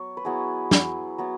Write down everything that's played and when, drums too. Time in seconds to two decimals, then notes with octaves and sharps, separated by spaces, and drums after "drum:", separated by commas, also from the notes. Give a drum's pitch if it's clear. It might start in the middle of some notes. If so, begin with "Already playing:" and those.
Already playing: F#3 B3 C#5
0.17 B4
0.25 F#3 B3 E4 G#4
0.71 drum: snare
1.18 F#3 B3 E4